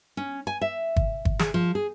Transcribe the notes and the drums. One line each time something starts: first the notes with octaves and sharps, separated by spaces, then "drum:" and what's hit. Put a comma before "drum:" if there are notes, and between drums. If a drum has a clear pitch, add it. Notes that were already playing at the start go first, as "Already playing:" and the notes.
C#4
G#5
E5
drum: kick
drum: kick
G#4, drum: snare
F3
G#4